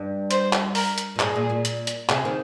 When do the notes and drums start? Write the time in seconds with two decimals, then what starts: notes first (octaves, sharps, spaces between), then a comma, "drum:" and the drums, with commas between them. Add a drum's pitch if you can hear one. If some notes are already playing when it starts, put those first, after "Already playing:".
Already playing: G2
0.31 C5, drum: hi-hat
0.53 drum: clap
0.75 A#4, drum: open hi-hat
0.98 drum: hi-hat
1.16 A#2
1.19 G#2 G#4, drum: clap
1.36 A#2
1.50 A#2
1.65 drum: hi-hat
1.87 drum: hi-hat
2.09 C3 G#4, drum: clap
2.25 D#3